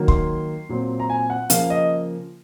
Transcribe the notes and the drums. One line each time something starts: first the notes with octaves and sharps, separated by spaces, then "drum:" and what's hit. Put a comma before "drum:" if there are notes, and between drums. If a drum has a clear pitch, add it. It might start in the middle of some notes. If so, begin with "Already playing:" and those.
Already playing: D#3 F#3 A#3
C6, drum: kick
A#2 F#3 C4
A#5
G#5
F#5
C#3 F3 A#3 F5, drum: hi-hat
D#5